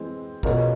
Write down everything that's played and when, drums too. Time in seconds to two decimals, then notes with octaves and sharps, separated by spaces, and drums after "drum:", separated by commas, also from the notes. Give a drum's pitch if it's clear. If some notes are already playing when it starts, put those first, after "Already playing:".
Already playing: E3 G#3 C4
0.43 B2 G#3 C#4 F4 A#4, drum: kick